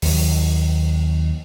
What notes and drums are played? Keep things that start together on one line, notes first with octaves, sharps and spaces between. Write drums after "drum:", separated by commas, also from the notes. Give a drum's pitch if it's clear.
D#2 F#3, drum: open hi-hat